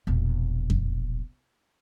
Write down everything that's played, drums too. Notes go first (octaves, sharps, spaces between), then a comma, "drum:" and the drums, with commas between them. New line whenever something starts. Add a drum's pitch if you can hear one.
E1 A#1
drum: kick F2